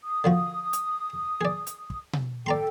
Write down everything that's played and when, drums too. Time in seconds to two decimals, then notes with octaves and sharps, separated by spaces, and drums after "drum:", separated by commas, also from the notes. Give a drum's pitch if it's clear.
0.03 D#6
0.24 D3 F3 F#4
0.73 drum: hi-hat
1.41 G#4 D5
1.67 drum: hi-hat
1.90 drum: kick
2.13 drum: tom B2
2.46 A4 D5 G5 A#5 C6